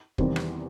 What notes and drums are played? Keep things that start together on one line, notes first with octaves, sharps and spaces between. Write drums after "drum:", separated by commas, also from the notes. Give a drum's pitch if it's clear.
E2 C3 D#3 G3 C4, drum: kick
drum: rim click